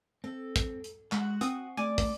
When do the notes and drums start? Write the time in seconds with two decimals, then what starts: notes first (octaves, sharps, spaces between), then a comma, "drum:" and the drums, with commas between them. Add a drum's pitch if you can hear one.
0.24 C4 A4
0.56 drum: kick, hi-hat
0.84 drum: hi-hat
1.12 G#3 F#4, drum: clap
1.41 C4 C5 F#5 G#5 D#6, drum: hi-hat
1.77 A3 C#4 G#4 D5 G#5
1.98 drum: kick, open hi-hat